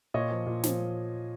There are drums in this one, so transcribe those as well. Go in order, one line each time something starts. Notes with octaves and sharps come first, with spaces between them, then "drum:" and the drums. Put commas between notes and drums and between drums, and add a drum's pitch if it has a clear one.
A#2 C#5 D#5
F3
A#2
F3, drum: snare